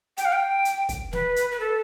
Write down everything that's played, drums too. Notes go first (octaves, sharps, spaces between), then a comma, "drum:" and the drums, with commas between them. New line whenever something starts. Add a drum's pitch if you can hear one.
G5, drum: hi-hat
F5
G5
drum: hi-hat
drum: kick, hi-hat
B4, drum: snare
drum: hi-hat
B4
A4